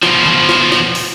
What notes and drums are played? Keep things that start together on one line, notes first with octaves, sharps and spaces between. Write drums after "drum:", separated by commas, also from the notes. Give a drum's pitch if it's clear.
B2 F3, drum: snare
drum: tom D3
drum: snare
drum: snare
drum: open hi-hat